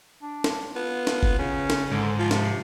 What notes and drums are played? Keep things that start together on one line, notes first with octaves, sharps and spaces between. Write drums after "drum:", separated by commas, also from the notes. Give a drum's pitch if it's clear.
D4
drum: snare
B3 F4
drum: snare
drum: kick F#1
C#3 C#4
drum: snare
G#2 D3
F3 F4
C3, drum: snare